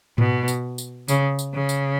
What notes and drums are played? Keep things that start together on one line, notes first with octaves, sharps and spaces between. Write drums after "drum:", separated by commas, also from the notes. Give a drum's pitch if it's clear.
B2, drum: tom G#2
drum: tambourine
drum: tambourine
C#3, drum: tambourine
drum: tambourine
C#3
drum: tambourine